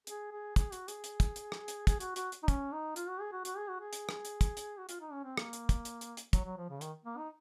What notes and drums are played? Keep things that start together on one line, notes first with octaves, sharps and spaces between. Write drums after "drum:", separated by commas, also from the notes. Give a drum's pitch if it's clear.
G#4, drum: hi-hat
G#4
G#4, drum: kick, hi-hat
F#4, drum: hi-hat
G#4, drum: hi-hat
drum: hi-hat
drum: kick, hi-hat
drum: hi-hat
drum: rim click
drum: hi-hat
G#4, drum: kick, hi-hat
F#4, drum: hi-hat
F#4, drum: hi-hat
drum: hi-hat
D#4
C#4, drum: kick, hi-hat
D#4
F4, drum: hi-hat
F#4
G#4
F#4
F#4, drum: hi-hat
G#4
F#4
G#4
drum: hi-hat
drum: rim click
drum: hi-hat
drum: kick, hi-hat
drum: hi-hat
F#4
F4, drum: hi-hat
D#4
C#4
C4
A#3, drum: rim click
drum: hi-hat
drum: kick, hi-hat
drum: hi-hat
drum: hi-hat
drum: hi-hat
F#3, drum: kick, hi-hat
F#3
F3
C#3
D#3, drum: hi-hat
A#3
D#4